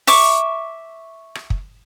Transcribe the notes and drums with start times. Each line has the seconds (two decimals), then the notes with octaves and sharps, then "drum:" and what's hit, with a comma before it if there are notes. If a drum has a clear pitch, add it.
0.07 E5 C#6 D6, drum: open hi-hat
1.35 drum: rim click
1.50 drum: kick